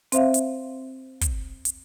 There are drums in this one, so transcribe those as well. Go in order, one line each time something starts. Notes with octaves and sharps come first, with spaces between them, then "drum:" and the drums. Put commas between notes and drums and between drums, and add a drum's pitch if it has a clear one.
C4 C5 E5 F5, drum: hi-hat
drum: hi-hat
drum: kick, hi-hat
drum: hi-hat